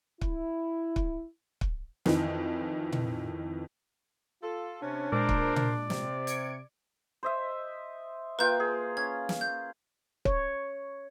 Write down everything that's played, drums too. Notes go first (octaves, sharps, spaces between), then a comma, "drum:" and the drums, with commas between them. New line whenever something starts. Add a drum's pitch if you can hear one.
E4, drum: kick
drum: kick
drum: kick
F2 D#3 E3, drum: snare
drum: tom A#2
F4 A4
C3 C#4 D4
A#2 G#3 A#4 C5 D5
drum: kick
D5, drum: tom A#2
C3, drum: snare
G#6 C#7 D7, drum: hi-hat
C5 D#5 E5
A#3 F4 B4 G5 G6
G#4
C#4 G#6
drum: snare
G6
C#5, drum: kick